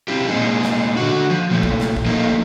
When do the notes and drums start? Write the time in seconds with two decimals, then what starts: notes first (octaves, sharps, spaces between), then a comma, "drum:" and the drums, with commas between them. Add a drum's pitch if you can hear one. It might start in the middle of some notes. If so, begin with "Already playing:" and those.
0.08 C4 E4 F4 G4
0.28 A#2 G#3 B3 D#4 G#4
0.63 drum: snare
0.97 D3 F#4
1.30 F3
1.51 A#2 A3
1.63 drum: kick A1
1.80 drum: snare
1.97 drum: kick A1
2.06 F3 A3 A#3 D#4